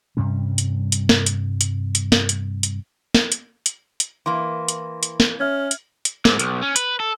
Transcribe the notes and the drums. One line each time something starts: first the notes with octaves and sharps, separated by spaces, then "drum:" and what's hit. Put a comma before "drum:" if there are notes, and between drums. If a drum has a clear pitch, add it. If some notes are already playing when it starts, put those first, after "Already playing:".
G2 C3 G3 C#4
drum: hi-hat
drum: hi-hat
drum: snare
drum: hi-hat
drum: hi-hat
drum: hi-hat
drum: snare
drum: hi-hat
drum: hi-hat
drum: snare
drum: hi-hat
drum: hi-hat
drum: hi-hat
E3 A#3 C6
drum: hi-hat
drum: hi-hat
drum: snare
C#4 E5 F6 G#6
drum: hi-hat
drum: hi-hat
G#2, drum: snare
B1, drum: hi-hat
C#4
B4, drum: hi-hat
A4